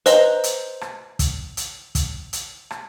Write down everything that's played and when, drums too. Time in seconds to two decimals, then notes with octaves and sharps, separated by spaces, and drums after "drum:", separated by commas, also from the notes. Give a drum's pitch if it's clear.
0.06 B4 C5 D#5 A#5 G7, drum: hi-hat
0.44 drum: hi-hat
0.81 drum: rim click
1.19 drum: kick, hi-hat
1.57 drum: hi-hat
1.95 drum: kick, hi-hat
2.33 drum: hi-hat
2.71 drum: rim click